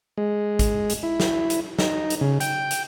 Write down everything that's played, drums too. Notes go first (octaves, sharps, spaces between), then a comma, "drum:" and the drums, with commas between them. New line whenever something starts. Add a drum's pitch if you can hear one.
G#3
drum: kick A1, hi-hat
drum: hi-hat
E4
drum: snare
drum: hi-hat
D#4, drum: snare
drum: hi-hat
C#3
G5, drum: hi-hat
drum: hi-hat